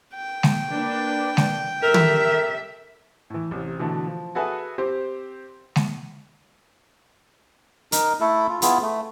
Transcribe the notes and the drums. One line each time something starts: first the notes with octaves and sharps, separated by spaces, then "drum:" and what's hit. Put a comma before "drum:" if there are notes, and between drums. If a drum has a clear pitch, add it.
G5
drum: snare G#3
A#3 D4 B4
drum: snare G#3
G3 A4 A#4 E5
drum: tom
A2 E3
A1 C3
B2 D3 E3 A3
F3
F#4 G#4 A4 B4 E5 G#5
C4 G4 C5
drum: snare G#3
D#4 A#4, drum: hi-hat
A3 E4 A4
F4
B3 E4 F4 G#4, drum: hi-hat
A3